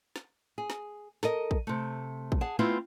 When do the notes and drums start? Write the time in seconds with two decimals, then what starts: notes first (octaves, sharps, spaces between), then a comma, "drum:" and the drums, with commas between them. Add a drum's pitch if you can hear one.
0.16 drum: snare
0.58 G#4
0.70 drum: snare
1.23 A4 A#4 D#5, drum: snare
1.51 drum: kick
1.67 C3 A3
2.32 drum: kick
2.41 G#4 F#5 A5
2.59 A3 B3 C4 E4 F4